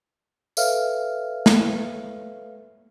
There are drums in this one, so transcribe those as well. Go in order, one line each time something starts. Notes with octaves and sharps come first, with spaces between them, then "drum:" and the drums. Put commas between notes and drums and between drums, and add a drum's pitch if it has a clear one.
A4 B4 C#5 E5 F5 F6, drum: tambourine
drum: snare